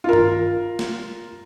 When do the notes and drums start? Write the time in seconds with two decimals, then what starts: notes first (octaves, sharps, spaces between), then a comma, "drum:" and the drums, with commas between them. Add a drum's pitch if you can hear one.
0.04 F4 A#4
0.13 drum: tom
0.79 drum: snare